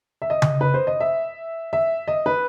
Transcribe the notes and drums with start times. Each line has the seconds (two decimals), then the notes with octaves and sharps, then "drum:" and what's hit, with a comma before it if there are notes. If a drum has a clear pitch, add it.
0.22 E5
0.30 D#5
0.42 drum: tom C#3
0.61 B4
0.74 C5
0.87 D#5
1.00 E5
1.73 E5
2.08 D#5
2.26 B4